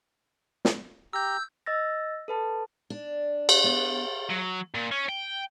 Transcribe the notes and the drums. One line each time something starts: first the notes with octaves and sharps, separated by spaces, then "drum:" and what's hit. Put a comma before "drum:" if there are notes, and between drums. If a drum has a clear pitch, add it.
drum: snare
G4 A#5 E6 G6
D#5 E6 A6 A#6
A4 B4 A5
D4
drum: cymbal
B3
F#3
A#2
C#4
G5